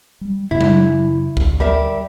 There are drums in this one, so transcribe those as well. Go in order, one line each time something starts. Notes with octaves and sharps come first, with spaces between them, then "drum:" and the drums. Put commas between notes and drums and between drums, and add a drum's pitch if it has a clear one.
G3
F#2 C#3 E4
drum: tom F#3
D2, drum: kick A#1
G3 A#4 E5